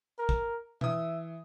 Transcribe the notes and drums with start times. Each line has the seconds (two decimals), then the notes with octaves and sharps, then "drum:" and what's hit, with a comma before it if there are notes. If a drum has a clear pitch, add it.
0.19 A#4
0.29 drum: kick
0.81 E3 E5 D#6, drum: tom